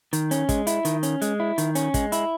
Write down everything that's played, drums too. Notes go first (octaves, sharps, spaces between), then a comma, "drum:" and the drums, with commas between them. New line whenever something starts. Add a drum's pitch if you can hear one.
D#3, drum: hi-hat
C#4, drum: hi-hat
G#3, drum: kick, hi-hat
E4, drum: hi-hat
D#3, drum: hi-hat
C#4, drum: hi-hat
G#3, drum: hi-hat
E4
D#3, drum: hi-hat
C#4, drum: hi-hat
G#3, drum: kick, hi-hat
E4, drum: hi-hat